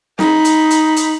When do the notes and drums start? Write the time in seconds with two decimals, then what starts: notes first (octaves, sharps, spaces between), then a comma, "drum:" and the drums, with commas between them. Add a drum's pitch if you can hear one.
0.19 D#4 B5, drum: snare
0.45 drum: hi-hat
0.71 drum: hi-hat
0.96 drum: hi-hat